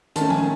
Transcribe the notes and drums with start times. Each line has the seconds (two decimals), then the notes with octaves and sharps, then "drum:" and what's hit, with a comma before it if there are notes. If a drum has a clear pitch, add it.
0.16 D#3 A3 C#4 A5, drum: hi-hat
0.30 G#5, drum: tom F3